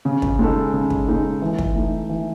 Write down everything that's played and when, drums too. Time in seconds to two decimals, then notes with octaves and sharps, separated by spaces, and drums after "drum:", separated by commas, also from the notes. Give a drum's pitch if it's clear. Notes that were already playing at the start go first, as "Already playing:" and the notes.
0.05 C#3
0.22 drum: kick
0.39 G#3 D#4 A4
0.73 C#3
0.90 drum: kick
1.07 G#3 D#4 A4
1.42 E3
1.59 drum: kick
1.75 A3 D#4
2.09 E3